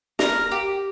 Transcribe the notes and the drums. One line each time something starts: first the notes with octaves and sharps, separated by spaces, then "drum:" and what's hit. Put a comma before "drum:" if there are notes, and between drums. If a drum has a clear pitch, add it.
A#4, drum: snare
G4